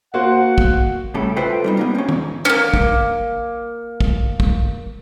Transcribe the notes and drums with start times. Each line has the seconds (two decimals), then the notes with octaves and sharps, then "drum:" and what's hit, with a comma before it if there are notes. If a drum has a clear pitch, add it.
0.14 A#3 F#4 C5 F#5
0.58 drum: kick
1.14 A2 C#3 G3 G4 A4
1.36 F4 A4 B4 C5 E5 G5
1.64 G3 D4 D#4
1.77 G3 A#3 B3
1.95 C4 C#4
2.09 E2 G#2, drum: tom D#3
2.45 A#3 C#4
2.74 drum: kick
4.01 drum: kick
4.40 drum: kick